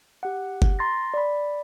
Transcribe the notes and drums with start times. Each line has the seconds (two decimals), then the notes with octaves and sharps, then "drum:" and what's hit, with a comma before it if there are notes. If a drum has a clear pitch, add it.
0.23 G4 F#5
0.62 drum: kick F#1
0.79 A#5 C6 A6 A#6
1.14 D5 B5